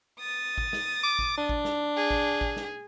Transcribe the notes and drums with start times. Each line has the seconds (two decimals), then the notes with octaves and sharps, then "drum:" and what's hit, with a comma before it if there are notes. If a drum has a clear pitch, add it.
0.20 D#6 A6
0.58 drum: kick G#1
0.73 drum: snare
1.04 D6
1.19 drum: kick G#1
1.37 D4
1.49 drum: kick G#1
1.65 drum: snare
1.97 G#4
2.11 drum: kick G#1
2.41 drum: kick G#1
2.56 drum: snare